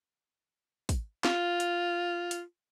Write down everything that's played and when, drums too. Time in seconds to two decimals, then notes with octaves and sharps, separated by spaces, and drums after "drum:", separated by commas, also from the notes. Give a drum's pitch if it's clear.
0.89 drum: kick, hi-hat
1.24 F4, drum: snare
1.60 drum: hi-hat
2.31 drum: hi-hat